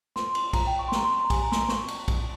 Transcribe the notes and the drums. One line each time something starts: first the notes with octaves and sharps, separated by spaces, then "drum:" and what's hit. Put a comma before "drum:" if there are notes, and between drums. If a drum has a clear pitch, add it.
F4 C5 C6, drum: snare
drum: cymbal
F4 C5 A#5, drum: kick, cymbal
G5
C#6
C6
G4 C5 A#5, drum: snare
C6
A#5
G4 C5 G#5, drum: kick, cymbal
A#5
C6, drum: snare
A#5
F4 C5 C#6, drum: snare
drum: cymbal
F4 C5, drum: kick, cymbal